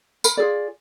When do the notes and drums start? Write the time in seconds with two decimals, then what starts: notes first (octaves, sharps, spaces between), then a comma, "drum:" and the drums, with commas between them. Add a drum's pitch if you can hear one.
0.24 A#4 B5, drum: tambourine
0.37 F4 G#4 D5